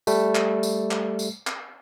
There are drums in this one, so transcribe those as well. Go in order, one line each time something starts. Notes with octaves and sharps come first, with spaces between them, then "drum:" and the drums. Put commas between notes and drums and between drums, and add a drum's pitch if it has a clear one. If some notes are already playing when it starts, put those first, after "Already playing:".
G3 A3, drum: tambourine
drum: clap
drum: tambourine
drum: clap
drum: tambourine
drum: clap